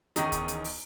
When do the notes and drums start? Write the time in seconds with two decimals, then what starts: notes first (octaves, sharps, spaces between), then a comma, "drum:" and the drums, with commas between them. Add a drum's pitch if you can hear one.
0.16 E2 D#3 C#4 D#4 G#4, drum: hi-hat
0.32 drum: kick D2, hi-hat
0.48 drum: hi-hat
0.64 drum: open hi-hat